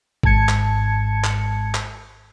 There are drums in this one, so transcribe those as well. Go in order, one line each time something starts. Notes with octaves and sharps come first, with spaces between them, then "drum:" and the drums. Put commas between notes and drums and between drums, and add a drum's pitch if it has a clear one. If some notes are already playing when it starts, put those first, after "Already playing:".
G#1 G#2 A5 G#6 C#7, drum: kick G#1
drum: clap
drum: clap
drum: clap